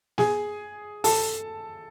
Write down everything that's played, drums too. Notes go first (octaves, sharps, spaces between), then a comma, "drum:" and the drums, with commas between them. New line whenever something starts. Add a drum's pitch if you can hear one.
G#4 G#5, drum: snare
A4 A5, drum: open hi-hat